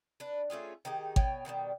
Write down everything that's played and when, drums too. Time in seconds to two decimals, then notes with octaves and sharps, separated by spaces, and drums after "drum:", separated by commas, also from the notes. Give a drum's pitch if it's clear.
0.20 D4 B4
0.50 A3 C#4 F4 G#4
0.85 D#3 D#4 G4 G#4
1.16 B2 C#5 G5 G#5, drum: kick G#1
1.45 B2 D#3 F#3 G3